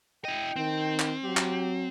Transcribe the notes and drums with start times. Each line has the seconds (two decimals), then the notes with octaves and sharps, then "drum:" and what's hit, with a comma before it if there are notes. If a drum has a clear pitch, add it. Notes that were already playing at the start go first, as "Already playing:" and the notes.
0.25 E4 D#5 G5
0.56 D#3 C4
1.00 drum: clap
1.24 F#3 G4
1.37 drum: clap